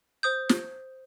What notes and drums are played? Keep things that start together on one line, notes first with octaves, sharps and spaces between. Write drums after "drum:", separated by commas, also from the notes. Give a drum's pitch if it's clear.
C5 D#6 G6
drum: snare